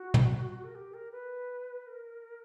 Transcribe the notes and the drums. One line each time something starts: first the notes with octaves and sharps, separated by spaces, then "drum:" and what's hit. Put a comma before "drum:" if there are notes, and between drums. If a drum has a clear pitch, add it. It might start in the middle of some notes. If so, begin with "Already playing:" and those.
Already playing: F#4
drum: tom
A#4
G4
A#4
B4
A#4